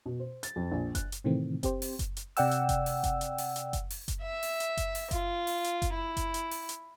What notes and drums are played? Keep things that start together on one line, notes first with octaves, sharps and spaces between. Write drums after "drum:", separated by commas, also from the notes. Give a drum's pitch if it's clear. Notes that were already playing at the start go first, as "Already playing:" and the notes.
B2
C5
A6, drum: hi-hat
F2
A#1
F#6, drum: kick F#1, hi-hat
drum: hi-hat
A2 C3 D#3 E3 A3 C4
C4 G4 C5, drum: kick F#1, hi-hat
drum: open hi-hat
drum: kick F#1, hi-hat
drum: hi-hat
C3 D5 F#5 G5 E6, drum: open hi-hat
drum: hi-hat
drum: kick F#1, hi-hat
drum: open hi-hat
drum: kick F#1, hi-hat
drum: hi-hat
drum: open hi-hat
drum: hi-hat
drum: kick F#1, hi-hat
drum: open hi-hat
drum: kick F#1, hi-hat
E5
drum: open hi-hat
drum: hi-hat
drum: kick F#1, hi-hat
drum: open hi-hat
F4, drum: kick F#1, hi-hat
drum: open hi-hat
drum: hi-hat
drum: kick F#1, hi-hat
E4
drum: kick F#1, hi-hat
drum: hi-hat
drum: open hi-hat
drum: hi-hat